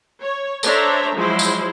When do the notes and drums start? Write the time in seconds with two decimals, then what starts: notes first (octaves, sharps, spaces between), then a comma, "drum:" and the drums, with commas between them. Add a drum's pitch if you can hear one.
0.22 C#5
0.63 D4 A4 C5 C#5 E5 A#5, drum: tambourine
1.14 F3 F#3 G#3 E4 C5
1.39 drum: tambourine